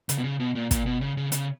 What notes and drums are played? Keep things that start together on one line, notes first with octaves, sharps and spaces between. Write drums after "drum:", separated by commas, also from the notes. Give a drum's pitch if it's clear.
C#3, drum: hi-hat
B2
C#3
B2
A#2
A#2, drum: kick, hi-hat
B2
C#3
C#3
C#3, drum: hi-hat